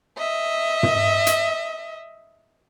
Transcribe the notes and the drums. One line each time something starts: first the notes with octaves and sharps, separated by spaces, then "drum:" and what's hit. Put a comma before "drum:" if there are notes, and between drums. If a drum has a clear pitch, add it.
D#5 E5
drum: tom
drum: hi-hat